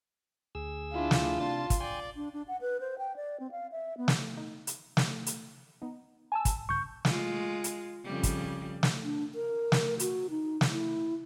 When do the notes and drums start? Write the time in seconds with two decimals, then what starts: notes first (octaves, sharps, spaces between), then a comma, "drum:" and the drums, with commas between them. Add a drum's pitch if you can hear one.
0.55 D2 G#4 E6
0.93 D4 E4 F4
1.11 drum: snare
1.40 C3 D4 A5 C6 A6
1.70 drum: kick, hi-hat
1.80 D5 G5 G#5 C6
2.16 D4
2.33 D4
2.48 F#5
2.61 B4
2.80 C5
2.99 G5
3.16 D5
3.40 C4
3.51 F5
3.72 E5
3.97 B3
4.08 drum: snare
4.37 D#4
4.67 drum: hi-hat
4.97 drum: snare
5.26 drum: hi-hat
5.82 B3 D#4
6.32 G#5 A5 E6
6.45 drum: kick, hi-hat
6.69 B1 G2 C#3 C#6 G6
7.05 G#3 F4, drum: snare
7.64 drum: hi-hat
8.04 F2 C#3 G3
8.23 drum: kick, hi-hat
8.83 drum: snare
9.04 D4
9.35 A#4
9.72 drum: snare
9.99 F#4, drum: hi-hat
10.30 D#4
10.61 drum: snare
10.70 E4